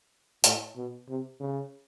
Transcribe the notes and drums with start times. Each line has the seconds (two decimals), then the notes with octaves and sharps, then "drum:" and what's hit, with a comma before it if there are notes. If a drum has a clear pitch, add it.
0.44 A2, drum: hi-hat
0.76 B2
1.09 C3
1.40 C#3